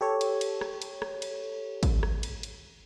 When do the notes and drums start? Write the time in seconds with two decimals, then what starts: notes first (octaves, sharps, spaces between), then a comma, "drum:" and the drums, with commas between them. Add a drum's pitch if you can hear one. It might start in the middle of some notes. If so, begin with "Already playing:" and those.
0.01 G4 A4 C#5
0.21 drum: cymbal
0.41 drum: cymbal
0.61 drum: rim click
0.82 drum: cymbal
1.02 drum: rim click
1.22 drum: cymbal
1.83 drum: kick, cymbal
2.03 drum: rim click
2.23 drum: cymbal
2.43 drum: cymbal